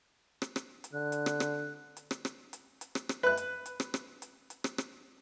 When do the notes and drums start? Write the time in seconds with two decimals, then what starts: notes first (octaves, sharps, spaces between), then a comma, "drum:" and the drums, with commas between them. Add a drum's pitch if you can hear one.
0.42 drum: rim click
0.56 drum: rim click
0.84 drum: hi-hat
0.93 D3 F#6
1.12 drum: hi-hat
1.26 drum: rim click
1.40 drum: rim click
1.97 drum: hi-hat
2.11 drum: rim click
2.25 drum: rim click
2.53 drum: hi-hat
2.81 drum: hi-hat
2.95 drum: rim click
3.09 drum: rim click
3.23 B4 F#6
3.37 drum: hi-hat
3.66 drum: hi-hat
3.80 drum: rim click
3.94 drum: rim click
4.22 drum: hi-hat
4.50 drum: hi-hat
4.64 drum: rim click
4.78 drum: rim click